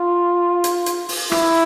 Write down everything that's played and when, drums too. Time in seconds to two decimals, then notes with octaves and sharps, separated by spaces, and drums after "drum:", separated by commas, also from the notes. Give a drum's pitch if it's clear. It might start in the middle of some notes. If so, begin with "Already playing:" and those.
Already playing: F4
0.64 drum: hi-hat
0.86 drum: hi-hat
1.09 drum: open hi-hat
1.32 E4, drum: rim click